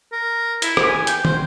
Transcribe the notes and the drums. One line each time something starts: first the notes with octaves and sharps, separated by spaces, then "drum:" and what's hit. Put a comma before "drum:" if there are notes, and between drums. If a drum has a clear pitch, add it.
A#4
E4, drum: hi-hat
drum: rim click
G#5
G5, drum: hi-hat
C5, drum: tom